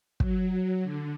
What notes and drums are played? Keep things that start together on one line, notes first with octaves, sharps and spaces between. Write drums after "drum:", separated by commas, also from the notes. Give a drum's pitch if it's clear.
F#3, drum: kick
D3